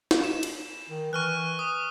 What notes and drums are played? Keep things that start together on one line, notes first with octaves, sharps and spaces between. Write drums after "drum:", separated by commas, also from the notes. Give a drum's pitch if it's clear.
drum: snare
E7
drum: cymbal
D#3
E3 C#6 F6 F#6
D#6